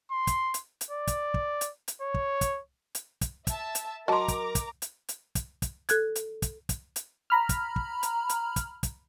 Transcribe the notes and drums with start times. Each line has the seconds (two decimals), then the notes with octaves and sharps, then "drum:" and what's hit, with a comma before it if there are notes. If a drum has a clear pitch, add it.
0.11 C6
0.27 drum: kick, hi-hat
0.54 drum: hi-hat
0.81 drum: hi-hat
0.91 D5
1.07 drum: kick, hi-hat
1.34 drum: kick
1.61 drum: hi-hat
1.88 drum: hi-hat
2.02 C#5
2.14 drum: kick
2.41 drum: kick, hi-hat
2.95 drum: hi-hat
3.21 drum: kick, hi-hat
3.47 E5 A5, drum: kick, hi-hat
3.75 drum: hi-hat
4.08 F#3 A#4 D#5 A5 A#5 C6 D6
4.28 drum: kick, hi-hat
4.55 drum: kick, hi-hat
4.82 drum: hi-hat
5.09 drum: hi-hat
5.35 drum: kick, hi-hat
5.62 drum: kick, hi-hat
5.89 A4 F#6 G#6, drum: hi-hat
6.15 drum: hi-hat
6.42 drum: kick, hi-hat
6.69 drum: kick, hi-hat
6.96 drum: hi-hat
7.30 A#5 B5 F6
7.49 drum: kick, hi-hat
7.76 drum: kick
8.03 drum: hi-hat
8.29 drum: hi-hat
8.56 drum: kick, hi-hat
8.83 drum: kick, hi-hat